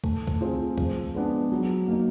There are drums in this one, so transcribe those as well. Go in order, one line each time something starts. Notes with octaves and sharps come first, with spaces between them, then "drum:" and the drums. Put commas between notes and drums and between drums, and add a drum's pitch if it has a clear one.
A3, drum: kick
drum: kick
C4 F4 G#4
F3, drum: kick
G#3 B3 D4
F#3
A#3 D#4